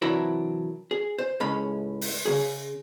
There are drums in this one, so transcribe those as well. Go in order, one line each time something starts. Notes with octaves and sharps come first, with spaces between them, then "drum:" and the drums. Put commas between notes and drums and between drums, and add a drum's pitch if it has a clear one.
C3 E3 F#3 D4 E4 A#4
G#4
C5
C#2 A2 G#3 C#4 B5
drum: open hi-hat
C#3 F3 G#4